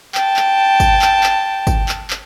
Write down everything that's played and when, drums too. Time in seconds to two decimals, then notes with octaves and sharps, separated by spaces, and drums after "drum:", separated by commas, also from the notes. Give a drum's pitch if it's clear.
0.15 G5 A5, drum: clap
0.36 drum: clap
0.80 drum: kick, tambourine
1.02 drum: clap
1.23 drum: clap
1.67 drum: kick, tambourine
1.89 drum: clap
2.10 drum: clap